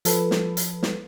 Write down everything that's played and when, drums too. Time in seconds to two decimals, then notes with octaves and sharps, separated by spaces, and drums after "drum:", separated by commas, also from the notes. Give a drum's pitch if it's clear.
0.05 F3 A4 B4, drum: hi-hat
0.31 drum: snare
0.57 drum: hi-hat
0.83 drum: snare